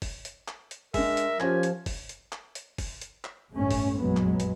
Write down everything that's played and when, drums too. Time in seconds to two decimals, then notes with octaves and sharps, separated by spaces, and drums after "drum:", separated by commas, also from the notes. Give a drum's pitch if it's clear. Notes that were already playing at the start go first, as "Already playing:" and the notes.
0.02 drum: kick, open hi-hat
0.25 drum: hi-hat
0.48 drum: clap
0.71 drum: hi-hat
0.94 G#3 D4 A#4 E5, drum: kick, open hi-hat
1.17 drum: hi-hat
1.40 F3 C#4 F4 G4 G#5, drum: clap
1.63 drum: hi-hat
1.86 drum: kick, open hi-hat
2.09 drum: hi-hat
2.32 drum: clap
2.55 drum: hi-hat
2.78 drum: kick, open hi-hat
3.01 drum: hi-hat
3.25 drum: clap
3.51 A1 G2 A3 C#4
3.71 drum: kick, open hi-hat
3.97 F1 A#1 F#2 F#3 G#3 B3
4.17 drum: clap
4.40 drum: hi-hat